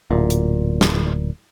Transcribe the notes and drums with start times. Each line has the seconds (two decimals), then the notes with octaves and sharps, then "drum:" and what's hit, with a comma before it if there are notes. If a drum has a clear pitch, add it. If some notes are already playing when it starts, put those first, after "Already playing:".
0.11 D1 A#2
0.30 drum: hi-hat
0.81 drum: snare